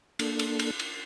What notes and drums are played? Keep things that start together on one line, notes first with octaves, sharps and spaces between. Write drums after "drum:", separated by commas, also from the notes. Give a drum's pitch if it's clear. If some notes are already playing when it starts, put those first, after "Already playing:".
A#3 D4 A4, drum: cymbal
drum: cymbal
drum: cymbal
drum: cymbal